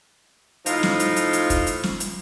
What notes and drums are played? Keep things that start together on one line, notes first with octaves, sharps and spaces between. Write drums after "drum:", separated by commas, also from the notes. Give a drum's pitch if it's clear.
A2 F3 D#4 F4, drum: hi-hat
drum: snare
drum: hi-hat
drum: hi-hat
drum: hi-hat
drum: kick, hi-hat
drum: hi-hat
drum: snare
drum: hi-hat